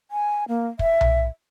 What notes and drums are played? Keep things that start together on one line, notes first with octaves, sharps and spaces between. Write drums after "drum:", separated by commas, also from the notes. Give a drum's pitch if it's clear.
G#5
A#3
E5, drum: kick
drum: tom B1